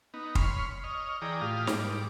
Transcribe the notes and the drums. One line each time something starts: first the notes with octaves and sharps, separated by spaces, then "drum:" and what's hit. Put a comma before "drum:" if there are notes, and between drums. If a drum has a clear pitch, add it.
B3 D#4
C#5 B5 C6 F6, drum: kick
C#5 D#5 F6
E3 G#4 D5 G5 A#5 D#6
A2 F4 G4 F5 D#6
G#2 G3 D6, drum: snare